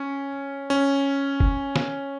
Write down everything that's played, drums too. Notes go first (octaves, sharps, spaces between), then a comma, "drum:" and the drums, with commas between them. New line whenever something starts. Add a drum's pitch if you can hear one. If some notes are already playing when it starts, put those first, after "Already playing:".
Already playing: C#4
C#4
drum: kick F1
drum: snare